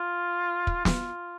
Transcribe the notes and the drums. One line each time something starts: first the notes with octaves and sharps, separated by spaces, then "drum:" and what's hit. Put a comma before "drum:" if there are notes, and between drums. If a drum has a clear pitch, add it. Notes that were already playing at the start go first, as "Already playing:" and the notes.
Already playing: F4
drum: kick
F4, drum: snare